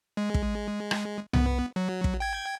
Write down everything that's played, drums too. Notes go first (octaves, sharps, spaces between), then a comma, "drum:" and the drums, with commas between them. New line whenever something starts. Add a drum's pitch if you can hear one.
G#3
drum: kick
drum: rim click
B3, drum: tom C2
F#3
drum: kick
G5 G#6